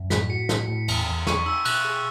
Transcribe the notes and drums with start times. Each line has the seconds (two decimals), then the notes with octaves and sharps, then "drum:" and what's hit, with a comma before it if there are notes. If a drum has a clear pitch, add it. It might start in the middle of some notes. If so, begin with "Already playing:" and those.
Already playing: F#2
0.10 A2 B6, drum: snare
0.30 F#4 C#7
0.49 A2 B6, drum: snare
0.68 A2
0.88 E2, drum: cymbal
1.07 E2
1.27 E2 C#6, drum: snare
1.46 D#4 E6
1.65 B2 F#6, drum: cymbal
1.85 G#4